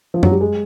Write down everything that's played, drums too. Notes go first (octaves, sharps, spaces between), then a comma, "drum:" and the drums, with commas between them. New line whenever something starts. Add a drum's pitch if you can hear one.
F3
F#3, drum: tom F#2
G3
G#3